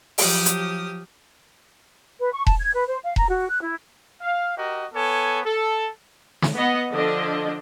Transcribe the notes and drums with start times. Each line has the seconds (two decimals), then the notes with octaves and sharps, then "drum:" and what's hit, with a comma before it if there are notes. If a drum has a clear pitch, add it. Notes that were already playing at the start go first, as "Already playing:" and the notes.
0.18 F3 F#3 G4 D#6 F6, drum: open hi-hat
0.46 drum: hi-hat
2.20 B4
2.33 C#6
2.47 A5, drum: kick E1
2.59 G#6
2.75 B4
2.86 C5
3.04 F5
3.16 A#5, drum: kick E1
3.28 F#4
3.50 F#6
3.62 E4
4.22 F5
4.57 F#4 G4 A#4 D#5
4.94 B3 A4 C#5 G#5
5.46 A4
6.42 drum: snare
6.54 B3 D#5 F#5
6.91 D3 F3 D4 D#5